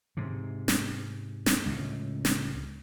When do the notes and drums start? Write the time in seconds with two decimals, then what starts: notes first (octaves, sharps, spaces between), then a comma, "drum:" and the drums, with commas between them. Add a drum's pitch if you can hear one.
0.17 G#2 C3
0.68 drum: snare
1.46 drum: snare
1.66 C#2 A2
2.25 drum: snare